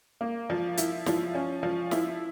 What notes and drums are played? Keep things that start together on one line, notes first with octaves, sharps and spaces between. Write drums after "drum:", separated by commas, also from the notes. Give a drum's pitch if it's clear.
A#3
F3
E4, drum: hi-hat
F3, drum: snare
C#4
F3
E4, drum: snare